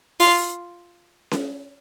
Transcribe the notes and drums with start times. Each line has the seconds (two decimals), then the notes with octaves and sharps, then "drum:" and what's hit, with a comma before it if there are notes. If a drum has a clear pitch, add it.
0.19 F4, drum: open hi-hat
1.31 drum: snare C#4